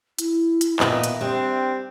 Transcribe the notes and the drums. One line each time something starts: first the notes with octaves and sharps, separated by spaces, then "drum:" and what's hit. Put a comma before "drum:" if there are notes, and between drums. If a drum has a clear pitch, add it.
E4, drum: hi-hat
drum: hi-hat
A#2 D#3 B3 D#4 D#5 E5 B5, drum: clap
drum: hi-hat
G3 C4 D4